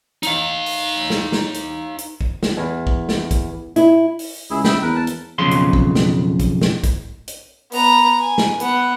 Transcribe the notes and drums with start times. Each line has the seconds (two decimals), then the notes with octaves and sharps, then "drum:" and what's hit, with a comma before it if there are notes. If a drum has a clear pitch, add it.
0.23 D#4 F5, drum: hi-hat
0.66 drum: open hi-hat
1.10 drum: snare
1.32 drum: snare
1.54 drum: hi-hat
1.98 drum: hi-hat
2.21 drum: kick
2.43 drum: snare
2.57 E2
2.87 drum: kick
3.09 drum: snare
3.31 drum: kick, hi-hat
3.76 E4, drum: hi-hat
4.19 drum: open hi-hat
4.50 C#2 E4 G#4
4.64 E5 G5 B5, drum: snare
4.82 E2 A#4 B4
4.96 A5
5.07 drum: hi-hat
5.38 B1 F2 C#3 C6
5.51 drum: hi-hat
5.73 drum: kick
5.95 drum: snare
6.39 drum: kick, hi-hat
6.61 drum: snare
6.84 drum: kick, hi-hat
7.28 drum: hi-hat
7.72 B3 A#5, drum: open hi-hat
8.21 G#5
8.38 drum: snare
8.60 B3 F#5, drum: hi-hat